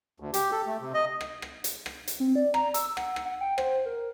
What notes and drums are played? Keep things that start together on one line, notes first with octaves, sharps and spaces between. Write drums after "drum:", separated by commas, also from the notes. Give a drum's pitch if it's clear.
D2
G4, drum: hi-hat
A4
A3
C3
D#5
drum: rim click
drum: rim click
drum: hi-hat
drum: rim click
drum: hi-hat
C4
D5
A#5, drum: rim click
E6, drum: hi-hat
F#5, drum: rim click
drum: rim click
F#5
G5
C5, drum: rim click
A#4